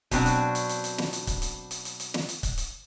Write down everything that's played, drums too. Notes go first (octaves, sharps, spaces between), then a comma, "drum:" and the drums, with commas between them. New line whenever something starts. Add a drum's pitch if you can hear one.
B2 F#3 C4 D4, drum: kick C#1, hi-hat
drum: hi-hat
drum: hi-hat
drum: hi-hat
drum: hi-hat
drum: snare
drum: hi-hat
drum: kick C#1, hi-hat
drum: hi-hat
drum: hi-hat
drum: hi-hat
drum: hi-hat
drum: snare
drum: hi-hat
drum: kick C#1, hi-hat
drum: hi-hat